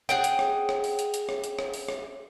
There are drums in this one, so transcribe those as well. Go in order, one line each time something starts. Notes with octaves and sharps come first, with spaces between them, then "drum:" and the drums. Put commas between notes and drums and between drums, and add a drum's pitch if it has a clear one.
G#4 F#5 G5, drum: rim click
drum: hi-hat
drum: rim click
drum: rim click
drum: open hi-hat
drum: hi-hat
drum: hi-hat
drum: rim click
drum: hi-hat
drum: rim click
drum: open hi-hat
drum: rim click